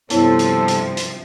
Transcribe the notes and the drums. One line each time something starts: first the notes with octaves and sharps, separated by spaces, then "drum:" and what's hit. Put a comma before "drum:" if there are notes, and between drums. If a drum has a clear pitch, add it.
G2 C3 F3 B3 E4 A4 C5 C#5, drum: hi-hat
drum: hi-hat
drum: hi-hat
drum: hi-hat